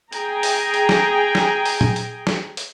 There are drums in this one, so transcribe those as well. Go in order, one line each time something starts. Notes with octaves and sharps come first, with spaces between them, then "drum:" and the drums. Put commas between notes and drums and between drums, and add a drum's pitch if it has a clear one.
G#4 G5 G#5 A#5, drum: hi-hat
drum: open hi-hat
drum: hi-hat
drum: snare
drum: snare
drum: open hi-hat
drum: tom
drum: hi-hat
drum: snare
drum: hi-hat